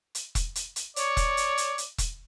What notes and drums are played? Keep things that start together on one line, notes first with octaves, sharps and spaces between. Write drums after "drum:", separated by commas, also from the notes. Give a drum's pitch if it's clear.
drum: hi-hat
drum: kick E1, hi-hat
drum: hi-hat
drum: hi-hat
C#5 D5, drum: hi-hat
drum: kick E1, hi-hat
drum: hi-hat
drum: hi-hat
drum: hi-hat
drum: kick E1, hi-hat